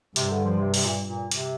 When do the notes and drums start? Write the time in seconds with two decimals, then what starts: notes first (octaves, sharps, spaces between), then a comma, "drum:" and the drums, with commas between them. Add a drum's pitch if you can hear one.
0.16 G2 C3, drum: hi-hat
0.30 D3
0.45 F3
0.59 C3
0.74 C3, drum: open hi-hat
0.85 A#2
1.08 A#2
1.31 C3, drum: hi-hat